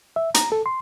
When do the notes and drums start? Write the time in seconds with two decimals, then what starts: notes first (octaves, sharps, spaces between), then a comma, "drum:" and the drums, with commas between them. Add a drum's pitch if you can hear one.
0.16 E5
0.34 A#5, drum: hi-hat
0.52 A4
0.66 C6